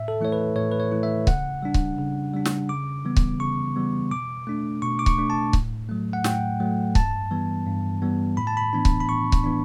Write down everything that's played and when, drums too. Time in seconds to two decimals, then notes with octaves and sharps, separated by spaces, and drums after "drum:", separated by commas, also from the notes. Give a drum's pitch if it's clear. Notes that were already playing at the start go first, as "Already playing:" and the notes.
Already playing: A2 E5
0.08 A4
0.21 E3 A3 E4 C#5
0.32 B4
0.56 A2 C#5
0.72 B4
0.80 C#5
0.91 E3 A3 E4
1.03 E5
1.27 C#3 F#5, drum: kick C#1
1.63 G3 D4
1.74 drum: kick C#1
1.98 C#3
2.34 G3 D4
2.45 drum: snare
2.69 C#3 D6
3.05 E3 G3 B3
3.16 drum: kick C#1
3.40 C#3 C#6
3.76 E3 G3 B3
4.11 B2 D6
4.47 A3 D4
4.82 B2 C#6
4.99 D6
5.06 C#6, drum: kick C#1
5.18 A3 D4
5.30 A5
5.53 A2, drum: kick C#1
5.89 F#3 A3
6.13 F#5
6.24 A2 G5, drum: snare
6.60 F#3 A3
6.95 G2 A5, drum: kick C#1
7.31 E3 G3 B3
7.66 G2
8.02 E3 G3 B3
8.37 A2 B5
8.47 A5
8.57 B5
8.73 E3 B3 D4
8.85 drum: kick C#1
9.00 B5
9.08 A2 C#6
9.32 drum: kick C#1
9.44 E3 B3 D4